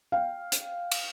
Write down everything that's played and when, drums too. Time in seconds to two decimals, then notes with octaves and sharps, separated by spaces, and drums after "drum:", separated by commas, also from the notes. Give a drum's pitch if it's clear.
0.12 F5 G5
0.52 drum: hi-hat
0.92 drum: cymbal